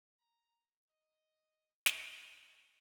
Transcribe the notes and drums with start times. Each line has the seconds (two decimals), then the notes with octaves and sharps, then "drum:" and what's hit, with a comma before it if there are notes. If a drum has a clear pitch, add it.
0.19 A#5
0.88 D#5
1.86 E4, drum: snare
2.33 C4